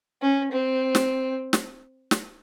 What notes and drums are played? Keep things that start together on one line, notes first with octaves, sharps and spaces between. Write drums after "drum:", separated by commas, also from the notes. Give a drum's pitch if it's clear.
C#4
C4
drum: snare
drum: snare
drum: snare